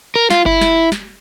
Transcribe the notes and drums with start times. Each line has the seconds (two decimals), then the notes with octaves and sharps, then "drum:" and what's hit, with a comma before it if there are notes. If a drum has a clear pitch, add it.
0.16 A#4
0.30 F4, drum: snare
0.46 E4, drum: kick F#1
0.61 drum: snare
0.92 drum: snare